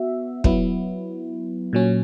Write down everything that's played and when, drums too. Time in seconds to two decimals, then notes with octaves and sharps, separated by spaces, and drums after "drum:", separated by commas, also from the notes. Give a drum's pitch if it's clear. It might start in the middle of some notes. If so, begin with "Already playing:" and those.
Already playing: B3 F#4 E5
0.44 F#3 B3 E4, drum: kick
1.73 A#2 F#3 C#4